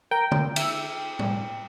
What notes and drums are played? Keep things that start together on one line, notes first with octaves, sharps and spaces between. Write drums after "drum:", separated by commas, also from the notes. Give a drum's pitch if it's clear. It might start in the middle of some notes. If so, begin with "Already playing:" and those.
A#4 G5
drum: tom D3
E5, drum: cymbal
drum: tom